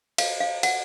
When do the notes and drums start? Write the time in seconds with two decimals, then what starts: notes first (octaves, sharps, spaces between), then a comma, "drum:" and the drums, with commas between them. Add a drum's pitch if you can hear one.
0.18 F5, drum: cymbal
0.41 F5
0.63 F#5, drum: cymbal